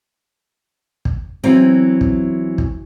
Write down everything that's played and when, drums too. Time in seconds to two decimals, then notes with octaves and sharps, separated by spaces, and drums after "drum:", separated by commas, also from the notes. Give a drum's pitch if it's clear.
1.05 drum: kick
1.43 E3 F#3 B3 C4
2.01 drum: kick
2.58 drum: kick